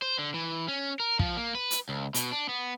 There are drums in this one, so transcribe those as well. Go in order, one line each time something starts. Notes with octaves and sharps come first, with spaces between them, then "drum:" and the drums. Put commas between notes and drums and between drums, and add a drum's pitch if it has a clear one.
C5
D3
E3
C#4
A#4
F3, drum: kick
A#3
B4
drum: hi-hat
C#2
B2, drum: hi-hat
D4
B3